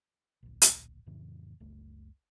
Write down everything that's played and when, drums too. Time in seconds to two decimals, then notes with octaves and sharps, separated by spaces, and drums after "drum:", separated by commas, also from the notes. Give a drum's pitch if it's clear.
0.43 D1 A#1
0.62 drum: hi-hat
1.06 F2 A2 C#3 E3
1.60 F#1 C#2 A3